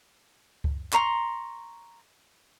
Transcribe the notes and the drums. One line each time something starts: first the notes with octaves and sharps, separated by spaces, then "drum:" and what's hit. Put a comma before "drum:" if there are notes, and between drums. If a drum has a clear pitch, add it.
drum: kick C#2
A#5 C6 C#6, drum: clap